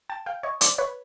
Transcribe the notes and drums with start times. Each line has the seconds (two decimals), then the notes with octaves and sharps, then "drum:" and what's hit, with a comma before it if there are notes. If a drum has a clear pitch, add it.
0.09 G5 A5
0.26 F5 G5
0.43 C#5 D#5
0.61 C5 D5, drum: hi-hat
0.78 B4 C#5